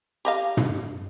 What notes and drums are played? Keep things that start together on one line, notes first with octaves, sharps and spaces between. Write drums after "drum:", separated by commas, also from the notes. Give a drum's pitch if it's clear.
G4 D#5 F5
drum: tom